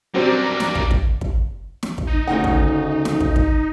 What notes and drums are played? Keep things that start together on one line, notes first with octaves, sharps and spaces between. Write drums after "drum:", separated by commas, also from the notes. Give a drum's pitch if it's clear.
F#2 F#3 G3 C4 D4 A#4 C5
drum: snare
drum: kick
drum: kick
drum: kick
drum: snare
drum: kick
D#4
D2 C#3 F#5
drum: kick
drum: snare
drum: kick
drum: kick